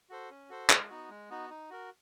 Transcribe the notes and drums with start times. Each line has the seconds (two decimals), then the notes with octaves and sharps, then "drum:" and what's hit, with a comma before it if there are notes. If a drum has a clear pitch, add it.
0.09 F#4 A4 C5
0.30 C#4
0.49 F#4 A4 C5
0.70 G#3, drum: clap
0.89 B3 D#4 F#4
1.09 G#3
1.30 B3 D#4 F#4
1.50 D#4
1.70 F#4 A#4